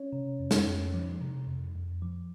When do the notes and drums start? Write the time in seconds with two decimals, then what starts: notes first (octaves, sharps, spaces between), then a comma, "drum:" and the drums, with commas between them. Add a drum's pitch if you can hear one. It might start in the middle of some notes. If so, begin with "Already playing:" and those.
Already playing: C#4 C#5
0.13 C3
0.39 F2
0.51 drum: snare
0.67 F2
0.94 F3
1.22 C3
1.47 F2
1.75 F2
2.02 F3